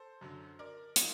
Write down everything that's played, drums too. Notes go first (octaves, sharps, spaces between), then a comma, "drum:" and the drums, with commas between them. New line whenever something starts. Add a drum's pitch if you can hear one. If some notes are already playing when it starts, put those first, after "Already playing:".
Already playing: A4 C5
F#2 D3 F#3
A#4 D5
F#3 A#3 D#4, drum: hi-hat